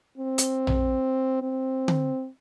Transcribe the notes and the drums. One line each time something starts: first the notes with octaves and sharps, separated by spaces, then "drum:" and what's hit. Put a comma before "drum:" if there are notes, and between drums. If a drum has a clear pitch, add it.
C4
drum: hi-hat
drum: tom A#1
C4
drum: tom D3